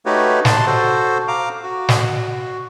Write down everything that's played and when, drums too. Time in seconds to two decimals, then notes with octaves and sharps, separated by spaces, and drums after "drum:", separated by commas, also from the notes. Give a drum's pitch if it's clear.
0.06 A3 D#4 F#4 G4 B4 C#5
0.45 A5 C6, drum: snare
0.66 F#4 A4 C5
1.28 F5 A#5 D6
1.63 F#4
1.89 drum: snare